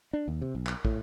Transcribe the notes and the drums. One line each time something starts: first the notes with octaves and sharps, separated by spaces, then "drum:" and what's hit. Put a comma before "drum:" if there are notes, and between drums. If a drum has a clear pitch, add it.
D4
D#2
C3
B1
drum: clap
A2, drum: kick